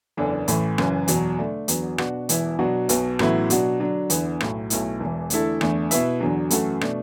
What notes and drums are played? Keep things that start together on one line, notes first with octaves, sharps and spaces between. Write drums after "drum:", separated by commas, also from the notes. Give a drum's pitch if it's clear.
F#1 E2 E3 D4 A4
A1 A2 E3, drum: hi-hat
F#1 F#2 E3, drum: rim click
E2 B2 F#3, drum: hi-hat
D3 A3 D4
E2 D3 F#3 B3, drum: hi-hat
B2 B3 D4 F#4, drum: rim click
E1 E2 E3 B3 E4, drum: hi-hat
B2 F#3 D4 F#4
B1 B2 B3, drum: hi-hat
A1 A2 F#3 B3 E4, drum: rim click
B2 F#3 D4 F#4, drum: hi-hat
D3 F#3 D4
E2 D3 B3 E4, drum: hi-hat
B1 A2 F#3, drum: rim click
B1 B2 A3 E4, drum: hi-hat
E1 E2 E3
E2 D3 A3 E4 A4, drum: hi-hat
E2 D3 A3, drum: rim click
B2 B3 E4 B4 E5, drum: hi-hat
E2 D3 F#3
F#2 E3 A3 F#4 A4, drum: hi-hat
B2 A3 D4, drum: rim click